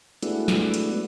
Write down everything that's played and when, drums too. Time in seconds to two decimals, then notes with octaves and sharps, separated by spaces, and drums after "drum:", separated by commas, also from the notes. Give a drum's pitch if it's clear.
0.23 G#3 A3 B3 D4 E4 F#4, drum: hi-hat
0.48 drum: snare
0.74 drum: hi-hat